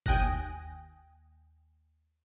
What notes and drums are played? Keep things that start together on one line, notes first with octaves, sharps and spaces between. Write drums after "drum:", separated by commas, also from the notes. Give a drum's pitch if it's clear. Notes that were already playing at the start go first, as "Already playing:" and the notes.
D#2 G5 G#5 D#6 F#6 A#6, drum: kick G1